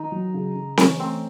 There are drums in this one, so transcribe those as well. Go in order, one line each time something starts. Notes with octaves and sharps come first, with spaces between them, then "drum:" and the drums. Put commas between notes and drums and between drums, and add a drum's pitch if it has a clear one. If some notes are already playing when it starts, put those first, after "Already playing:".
Already playing: D#3 D#4
F#3
C#3
C#3
E3 C#4, drum: snare C4
A3 C4